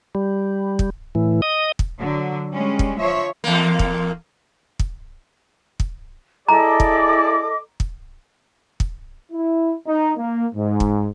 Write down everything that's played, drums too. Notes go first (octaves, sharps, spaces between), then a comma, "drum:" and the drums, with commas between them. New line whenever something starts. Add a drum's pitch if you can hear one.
G3
drum: kick
A2 E3
D#5 D#6
drum: kick
D3 F#3
G3 G#3 C#4
drum: kick
F3 C#5 E5
E2 A#3
drum: kick
drum: kick
drum: kick
E4 G#4 A4 D5 D#5 A#5 D6
drum: kick
drum: kick
drum: kick
E4
D#4
A#3
G#2
drum: kick